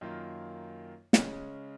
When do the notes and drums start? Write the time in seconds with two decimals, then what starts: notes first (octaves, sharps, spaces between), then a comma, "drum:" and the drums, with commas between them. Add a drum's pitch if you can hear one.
0.01 F#2 D#3 A#3 F4
1.13 C#3 G#3 C#4, drum: snare